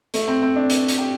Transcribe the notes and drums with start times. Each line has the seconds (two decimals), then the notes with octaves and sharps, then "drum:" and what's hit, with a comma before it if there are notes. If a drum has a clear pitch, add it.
0.14 A3, drum: hi-hat
0.28 C4
0.42 C4
0.56 D4
0.70 drum: hi-hat
0.88 drum: hi-hat
0.98 G4